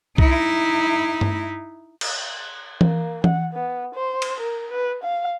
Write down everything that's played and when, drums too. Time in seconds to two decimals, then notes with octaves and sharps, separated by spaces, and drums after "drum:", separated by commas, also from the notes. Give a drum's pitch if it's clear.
0.18 D#4 E4, drum: kick C2
1.21 drum: tom G2
2.01 drum: cymbal
2.81 A#3, drum: tom E3
3.24 F#5, drum: tom E3
3.53 B3
3.95 C5
4.22 drum: cymbal
4.40 A#4
4.72 B4
5.03 F5